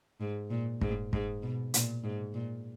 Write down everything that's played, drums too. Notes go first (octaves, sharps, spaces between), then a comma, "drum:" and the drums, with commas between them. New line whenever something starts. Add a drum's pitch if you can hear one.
G#2
A#2
G#2, drum: kick
G#2, drum: kick
B2
A#2, drum: hi-hat
G#2
A#2